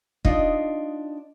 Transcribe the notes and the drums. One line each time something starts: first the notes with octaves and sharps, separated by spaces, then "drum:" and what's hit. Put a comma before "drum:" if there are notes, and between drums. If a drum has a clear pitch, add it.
D4 D#4 F4 D#5, drum: kick